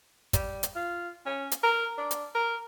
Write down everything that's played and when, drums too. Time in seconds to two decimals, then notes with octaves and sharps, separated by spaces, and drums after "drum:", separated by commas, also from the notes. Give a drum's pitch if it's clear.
0.33 G3, drum: kick, hi-hat
0.63 drum: hi-hat
0.75 F4
1.26 C#4
1.52 drum: hi-hat
1.63 A#4
1.98 D4
2.11 drum: hi-hat
2.35 A#4